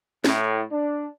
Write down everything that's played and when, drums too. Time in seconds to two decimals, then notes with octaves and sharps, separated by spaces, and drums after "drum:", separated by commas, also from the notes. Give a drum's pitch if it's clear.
0.24 A2, drum: snare
0.72 D4